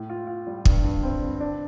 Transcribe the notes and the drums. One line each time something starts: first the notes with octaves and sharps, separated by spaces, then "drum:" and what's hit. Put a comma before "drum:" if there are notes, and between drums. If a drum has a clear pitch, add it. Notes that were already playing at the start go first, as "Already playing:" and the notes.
Already playing: A2
F4
F4
G3
G2, drum: kick
G2
C4
D3
D4